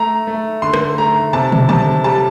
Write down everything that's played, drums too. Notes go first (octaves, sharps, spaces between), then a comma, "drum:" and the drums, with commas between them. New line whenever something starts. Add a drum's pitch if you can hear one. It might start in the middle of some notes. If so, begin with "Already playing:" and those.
Already playing: A3 A#5
A3
D3 C6
drum: rim click
A3 A#5
C3 A5
drum: tom
C3 A5, drum: tom D3
G3 A5